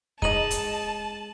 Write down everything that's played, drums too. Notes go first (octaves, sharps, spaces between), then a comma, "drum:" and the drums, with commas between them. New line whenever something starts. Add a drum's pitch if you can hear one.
G#3 D#4 D#5 A5 D#7 F#7, drum: kick
drum: hi-hat